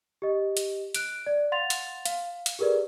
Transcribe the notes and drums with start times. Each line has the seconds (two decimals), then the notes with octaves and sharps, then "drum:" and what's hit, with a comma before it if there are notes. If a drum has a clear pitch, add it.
0.22 G4 D#5
0.57 drum: hi-hat
0.94 F#6 D7, drum: hi-hat
1.26 D5
1.52 F5 F#5 C6 A6 F7
1.70 drum: hi-hat
2.05 F5, drum: hi-hat
2.46 drum: hi-hat
2.59 G4 G#4 A#4 B4 D5